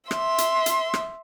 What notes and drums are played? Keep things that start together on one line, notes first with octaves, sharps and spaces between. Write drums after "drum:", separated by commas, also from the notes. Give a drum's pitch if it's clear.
E5 C6, drum: rim click
drum: hi-hat
drum: hi-hat
drum: rim click